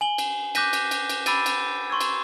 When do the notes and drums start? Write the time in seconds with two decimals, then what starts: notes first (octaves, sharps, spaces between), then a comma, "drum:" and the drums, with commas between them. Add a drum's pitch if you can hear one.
0.01 G#5 F#7 G7
0.18 drum: cymbal
0.55 D6 F#6 G6 A#6 B6 D#7, drum: cymbal
0.73 drum: cymbal
0.91 drum: cymbal
1.09 drum: cymbal
1.26 B5 D6 E6 A6 D7 D#7, drum: cymbal
1.46 drum: cymbal
1.60 B5
1.90 C6 C#6 E6 G#6
2.01 drum: cymbal